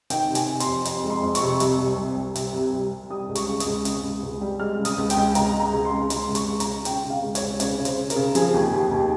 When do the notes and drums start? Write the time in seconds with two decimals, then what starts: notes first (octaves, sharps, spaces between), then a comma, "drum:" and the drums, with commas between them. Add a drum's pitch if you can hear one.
0.10 D#3 G5, drum: hi-hat
0.29 C3
0.35 G#5, drum: hi-hat
0.48 C3
0.60 C6, drum: hi-hat
0.67 F2
0.85 F2, drum: hi-hat
1.04 G#3
1.10 C6
1.23 F2
1.35 C#6, drum: hi-hat
1.41 C3
1.60 C2, drum: hi-hat
1.79 C3
1.98 C2
2.16 C2
2.35 C3, drum: hi-hat
2.54 C2
2.73 C2
2.92 C2
3.10 G3 D#6
3.29 C#2
3.35 C#6, drum: hi-hat
3.48 C#3
3.60 D#6, drum: hi-hat
3.66 C#2
3.85 C#3, drum: hi-hat
4.04 C#2
4.22 C#2
4.41 G3
4.60 G#3 F6
4.79 C#3
4.85 D#6, drum: hi-hat
4.98 C#2
5.10 G5, drum: hi-hat
5.17 C#2
5.35 C#2 A#5, drum: hi-hat
5.54 G#3
5.60 A#5
5.73 C#2
5.85 C6
5.92 C#3
6.10 C#2 C6, drum: hi-hat
6.29 C#2
6.35 C#6, drum: hi-hat
6.48 C#2
6.60 A#5, drum: hi-hat
6.66 C#3
6.85 C#3 G5, drum: hi-hat
7.04 C#3
7.10 F5
7.22 C#2
7.35 C#5, drum: hi-hat
7.41 C#2
7.60 C#3 C#5, drum: hi-hat
7.79 C#3
7.85 C5, drum: hi-hat
7.98 C#3
8.10 A#4, drum: hi-hat
8.16 C#3
8.35 F3 G#4, drum: hi-hat
8.54 D#2
8.73 D#2
8.91 D#2